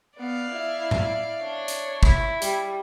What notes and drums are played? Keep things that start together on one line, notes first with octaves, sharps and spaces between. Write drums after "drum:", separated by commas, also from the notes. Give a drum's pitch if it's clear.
B3 D5 F5
E4
drum: tom A2
D4 C#5
drum: hi-hat
E4, drum: kick
G3, drum: hi-hat